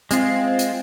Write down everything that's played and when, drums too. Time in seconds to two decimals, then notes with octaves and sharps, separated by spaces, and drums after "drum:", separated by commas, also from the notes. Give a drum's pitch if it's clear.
0.11 G#3 C4 F4, drum: hi-hat
0.59 drum: hi-hat